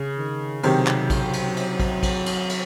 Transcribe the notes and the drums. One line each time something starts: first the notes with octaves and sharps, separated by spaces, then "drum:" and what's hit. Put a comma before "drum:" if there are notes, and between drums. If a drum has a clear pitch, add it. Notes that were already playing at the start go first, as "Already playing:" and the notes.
Already playing: C#3
D#3
C3 D#3 F#3, drum: cymbal
drum: clap
drum: kick, cymbal
drum: cymbal
drum: cymbal
drum: kick, cymbal
drum: kick, cymbal
drum: cymbal
drum: cymbal